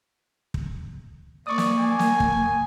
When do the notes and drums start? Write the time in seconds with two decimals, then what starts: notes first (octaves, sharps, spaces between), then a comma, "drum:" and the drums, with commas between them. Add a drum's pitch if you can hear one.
0.54 drum: kick
1.47 A#3 D5 C#6 D#6
1.58 drum: snare
1.79 G#5
1.99 drum: snare
2.20 drum: kick